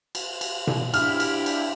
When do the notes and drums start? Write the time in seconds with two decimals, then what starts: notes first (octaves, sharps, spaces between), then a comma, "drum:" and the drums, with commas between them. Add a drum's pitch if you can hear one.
0.15 drum: cymbal
0.41 drum: cymbal
0.67 drum: tom B2
0.94 D4 E4 G4 F6, drum: cymbal
1.20 drum: cymbal
1.46 drum: cymbal